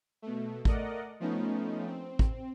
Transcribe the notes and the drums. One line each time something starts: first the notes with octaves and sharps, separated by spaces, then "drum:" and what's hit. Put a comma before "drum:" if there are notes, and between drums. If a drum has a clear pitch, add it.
B2 A3
A3 A#4 D5 D#5 F#5, drum: kick
F3 A3 B3 C#4 D#4
C4
drum: kick